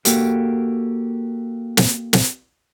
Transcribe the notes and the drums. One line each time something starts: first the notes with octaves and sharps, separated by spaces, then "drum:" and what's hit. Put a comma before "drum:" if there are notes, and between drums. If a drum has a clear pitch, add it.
A#3 F#4 G4 A4 A#4, drum: hi-hat
drum: snare
drum: snare